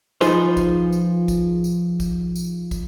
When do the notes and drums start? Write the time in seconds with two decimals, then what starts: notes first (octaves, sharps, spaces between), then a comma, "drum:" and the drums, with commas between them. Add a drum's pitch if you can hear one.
0.21 F3 D#4 F4 G#4 B4 C5, drum: tambourine
0.57 drum: kick, tambourine
0.93 drum: tambourine
1.28 drum: kick, tambourine
1.64 drum: tambourine
2.00 drum: kick, tambourine
2.36 drum: tambourine
2.71 drum: kick, tambourine